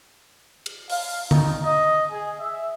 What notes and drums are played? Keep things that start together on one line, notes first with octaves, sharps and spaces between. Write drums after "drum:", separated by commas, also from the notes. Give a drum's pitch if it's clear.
drum: cymbal
F5, drum: open hi-hat
D#4, drum: tom D3
D#5
G#4
E5